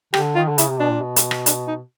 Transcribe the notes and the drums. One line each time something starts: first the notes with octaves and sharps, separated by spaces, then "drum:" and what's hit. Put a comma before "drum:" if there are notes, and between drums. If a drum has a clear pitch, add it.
D3 G4, drum: rim click
D#3 F4
D3
C#3 E4, drum: hi-hat
C3
B2 D4
A#2
B2
drum: hi-hat
drum: rim click
D4, drum: hi-hat
D#4